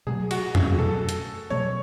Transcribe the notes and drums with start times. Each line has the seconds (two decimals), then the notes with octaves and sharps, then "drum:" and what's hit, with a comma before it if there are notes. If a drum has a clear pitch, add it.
0.07 B2 F#3 A3 G#4
0.31 F#4, drum: cymbal
0.55 G#4, drum: tom F2
0.78 B2 F#3 A3 A4
1.09 drum: hi-hat
1.50 B2 F#3 A3 C#5